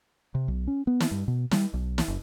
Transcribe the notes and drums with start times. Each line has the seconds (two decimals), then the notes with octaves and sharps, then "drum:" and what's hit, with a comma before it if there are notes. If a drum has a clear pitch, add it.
0.35 C3
0.48 B1
0.67 C#4
0.87 B3
1.00 drum: snare
1.11 G2
1.28 B2
1.51 G3, drum: snare
1.74 B1
1.98 drum: snare
2.08 F#1